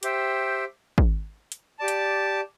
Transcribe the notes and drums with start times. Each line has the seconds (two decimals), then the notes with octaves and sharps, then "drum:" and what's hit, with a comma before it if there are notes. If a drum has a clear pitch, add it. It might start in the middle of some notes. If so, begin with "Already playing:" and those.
0.03 G4 C5 E5 G5, drum: hi-hat
0.98 drum: kick
1.52 drum: hi-hat
1.79 G4 D5 A5
1.88 drum: hi-hat